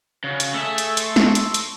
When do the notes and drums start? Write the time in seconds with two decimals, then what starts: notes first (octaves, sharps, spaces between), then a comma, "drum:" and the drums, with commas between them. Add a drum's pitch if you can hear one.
0.24 C#3 F#4
0.40 drum: hi-hat
0.54 A3 G#4 E5 E6
0.78 drum: hi-hat
0.97 A4 C6 C#6, drum: hi-hat
1.16 drum: snare
1.35 drum: hi-hat
1.54 drum: hi-hat